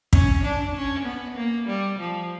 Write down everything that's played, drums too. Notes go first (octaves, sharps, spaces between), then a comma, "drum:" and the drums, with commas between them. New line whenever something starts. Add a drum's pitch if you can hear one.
C#4, drum: kick
D4
C#4
B3
A#3
G3
F3